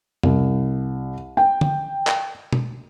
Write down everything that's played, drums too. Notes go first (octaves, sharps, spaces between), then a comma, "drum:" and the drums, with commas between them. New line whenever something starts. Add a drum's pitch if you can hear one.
C2, drum: tom F2
G5
drum: tom D3
drum: clap
drum: tom